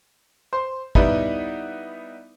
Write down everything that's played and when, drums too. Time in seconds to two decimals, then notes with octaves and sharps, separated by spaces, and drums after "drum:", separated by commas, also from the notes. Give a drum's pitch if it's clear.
0.53 C5 C6
0.95 G3 B3 D#4 E4 B4 E5, drum: kick